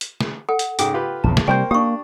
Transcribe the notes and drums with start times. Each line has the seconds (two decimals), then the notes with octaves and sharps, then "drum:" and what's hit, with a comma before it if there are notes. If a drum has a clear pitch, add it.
0.01 drum: hi-hat
0.21 drum: snare
0.49 A4 F#5
0.59 drum: hi-hat
0.79 G#2 C#3 G5 D6 D#6, drum: hi-hat
0.94 F4 G4 B4
1.24 A#1 E2 C#3 A5
1.37 drum: snare
1.48 C3 G3 A#3 C5 G5 C#6 G6
1.71 A#3 D4 G4 C#6 D#6